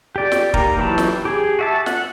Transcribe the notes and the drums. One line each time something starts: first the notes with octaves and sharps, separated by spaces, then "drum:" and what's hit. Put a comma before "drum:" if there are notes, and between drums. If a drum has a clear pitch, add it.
G4 D5
drum: snare
A#3 D#4 G4 A#4 A#5, drum: kick
E3 F#3 E4 G4 A5
drum: snare
G4 G#4
F#4 E5 A5
F#5, drum: snare